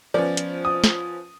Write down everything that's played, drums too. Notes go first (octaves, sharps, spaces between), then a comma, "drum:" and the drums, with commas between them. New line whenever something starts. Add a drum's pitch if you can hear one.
F3 B3 C#4 D5
drum: hi-hat
D#6
drum: snare